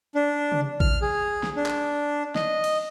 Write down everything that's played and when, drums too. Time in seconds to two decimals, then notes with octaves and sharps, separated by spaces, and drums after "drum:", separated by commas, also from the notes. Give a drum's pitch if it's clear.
0.15 D4
0.52 drum: tom C3
0.80 F6, drum: kick A1
1.02 G#4
1.43 drum: snare
1.56 D4
1.66 drum: clap
2.35 D#5, drum: snare
2.64 drum: cymbal